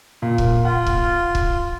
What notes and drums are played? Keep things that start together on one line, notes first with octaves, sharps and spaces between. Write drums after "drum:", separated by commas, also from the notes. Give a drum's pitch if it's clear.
A#2
drum: kick
F4 F#5
drum: kick
drum: kick